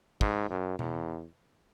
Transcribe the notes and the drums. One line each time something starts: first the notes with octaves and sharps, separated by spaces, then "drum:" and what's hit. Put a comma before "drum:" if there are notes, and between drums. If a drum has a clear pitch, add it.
G#2, drum: kick
F#2
E2, drum: tom B2